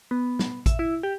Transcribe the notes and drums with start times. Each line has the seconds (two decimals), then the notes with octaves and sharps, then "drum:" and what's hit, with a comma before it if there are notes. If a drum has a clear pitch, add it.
0.11 B3
0.39 drum: snare
0.66 E5, drum: kick A1, hi-hat
0.79 E4
1.03 G4